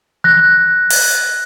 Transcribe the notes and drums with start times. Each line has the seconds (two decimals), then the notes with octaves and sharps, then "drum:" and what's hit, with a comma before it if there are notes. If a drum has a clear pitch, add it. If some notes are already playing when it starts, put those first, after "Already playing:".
0.24 F#6 A#6
0.90 drum: open hi-hat